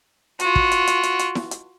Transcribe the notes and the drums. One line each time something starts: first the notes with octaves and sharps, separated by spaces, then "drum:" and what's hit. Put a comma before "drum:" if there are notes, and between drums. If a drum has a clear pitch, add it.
F4 F#4, drum: hi-hat
drum: kick
drum: hi-hat
drum: hi-hat
drum: hi-hat
drum: hi-hat
drum: snare E4
drum: hi-hat